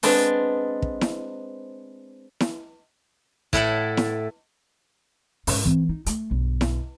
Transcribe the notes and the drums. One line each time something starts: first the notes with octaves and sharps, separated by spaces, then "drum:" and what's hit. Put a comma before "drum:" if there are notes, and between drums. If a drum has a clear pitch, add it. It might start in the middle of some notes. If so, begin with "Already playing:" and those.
G#3 B3 C4 D4 C5, drum: open hi-hat
drum: kick
drum: snare E4
drum: snare E4
A2 E4 A4 F#5, drum: kick
drum: snare E4
G#2 C#4, drum: open hi-hat
E3 C4, drum: kick
D#4
A3, drum: hi-hat
B1 G2
drum: snare E4